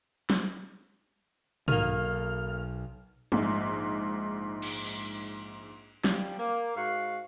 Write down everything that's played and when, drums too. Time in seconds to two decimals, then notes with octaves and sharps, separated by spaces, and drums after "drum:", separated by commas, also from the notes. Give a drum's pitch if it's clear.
0.30 drum: snare
1.68 B1 D#3 A#3 F6, drum: tom
3.32 A#1 G#2, drum: tom
4.62 drum: cymbal
4.85 drum: open hi-hat
6.04 F3 G3, drum: snare
6.38 A#3
6.76 G#2 F#4 F5